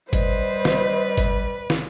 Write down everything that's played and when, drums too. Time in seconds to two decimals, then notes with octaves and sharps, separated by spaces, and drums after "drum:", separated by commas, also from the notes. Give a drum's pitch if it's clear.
0.13 G3 B4 C5 D#5, drum: kick G1, hi-hat
0.65 drum: snare
1.17 drum: kick G1, hi-hat
1.70 drum: snare